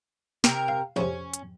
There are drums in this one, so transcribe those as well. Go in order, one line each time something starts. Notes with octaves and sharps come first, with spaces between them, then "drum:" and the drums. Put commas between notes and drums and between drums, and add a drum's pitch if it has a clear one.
C3 A#4, drum: snare
F5
A#1 F2 C3 C#4
drum: hi-hat